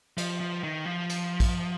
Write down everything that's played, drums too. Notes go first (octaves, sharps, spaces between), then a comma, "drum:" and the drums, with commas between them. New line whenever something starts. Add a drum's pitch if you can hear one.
F3, drum: cymbal
F3
D#3
F3
drum: cymbal
drum: kick, cymbal